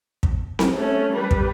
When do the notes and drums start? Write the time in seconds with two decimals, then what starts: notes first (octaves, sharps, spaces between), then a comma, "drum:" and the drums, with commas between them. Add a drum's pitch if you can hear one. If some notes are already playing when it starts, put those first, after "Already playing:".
0.23 drum: kick
0.59 drum: snare C4
0.77 A3 C#4
1.13 G3 B4
1.31 drum: kick